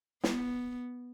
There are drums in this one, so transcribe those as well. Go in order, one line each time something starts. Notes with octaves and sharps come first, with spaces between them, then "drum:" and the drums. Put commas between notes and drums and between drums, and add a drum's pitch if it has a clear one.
B3, drum: snare